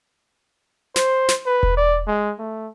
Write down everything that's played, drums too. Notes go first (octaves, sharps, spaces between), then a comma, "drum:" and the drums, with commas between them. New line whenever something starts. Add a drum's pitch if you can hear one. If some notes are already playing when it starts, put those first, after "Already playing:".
C5, drum: snare
drum: snare
B4
drum: kick E1
D5
G#3
A3